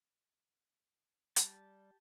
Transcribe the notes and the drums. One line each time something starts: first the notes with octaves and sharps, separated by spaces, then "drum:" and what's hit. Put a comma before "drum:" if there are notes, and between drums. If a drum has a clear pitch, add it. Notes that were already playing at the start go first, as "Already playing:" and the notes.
G3 G4 A5, drum: hi-hat